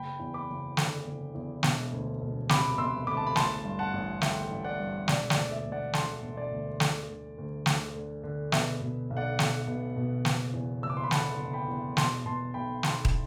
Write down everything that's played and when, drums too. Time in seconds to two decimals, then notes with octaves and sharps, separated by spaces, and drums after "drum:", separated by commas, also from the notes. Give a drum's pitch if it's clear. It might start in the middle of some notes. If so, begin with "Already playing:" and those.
Already playing: F#1 G5 B5
0.20 E2
0.34 B5 D6
0.49 F#1
0.77 D3, drum: snare
1.06 F#1
1.35 E2
1.63 E1, drum: snare
1.92 D2
2.21 E1
2.49 C3 B5 D6, drum: snare
2.78 E1 C6 E6
3.07 D2 B5 D6
3.17 A5
3.27 B5
3.36 A1 A5 C6, drum: snare
3.64 G2
3.79 F#5 A5
3.93 A1
4.21 D3 E5 G5, drum: snare
4.51 A1
4.64 D5 F#5
4.79 G2
5.08 E1 D5, drum: snare
5.30 D5, drum: snare
5.36 D2
5.52 E5
5.66 E1
5.72 D5 F#5
5.93 D3 A5 C6, drum: snare
6.23 E1
6.37 D5
6.51 D2
6.80 D3, drum: snare
7.08 D3
7.38 D2
7.66 D2, drum: snare
7.95 D3
8.23 D3
8.52 B2 E5, drum: snare
8.81 B2
9.10 B1
9.17 D5 F#5
9.39 B1, drum: snare
9.67 B2
9.96 B2
10.25 F#1, drum: snare
10.54 E2
10.82 F#1 E6
10.90 D6
10.97 C6
11.04 B5
11.11 D3 F#5 A5, drum: snare
11.39 F#1
11.53 G5 B5
11.68 E2
11.97 B2 A5 C6, drum: snare
12.25 B2 A5 C6
12.54 B1 G5 B5
12.83 B1 A5 C6, drum: snare
13.05 drum: kick